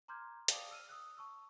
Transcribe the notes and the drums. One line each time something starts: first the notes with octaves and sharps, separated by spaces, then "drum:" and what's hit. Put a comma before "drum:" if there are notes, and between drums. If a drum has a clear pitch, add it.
A#5 C6 D6 F6 G6 G#6
D5 F5 G5 A5 D6 D#6, drum: hi-hat
E6 F6 D#7
D#6 E6 F#6
A5 C#6 E6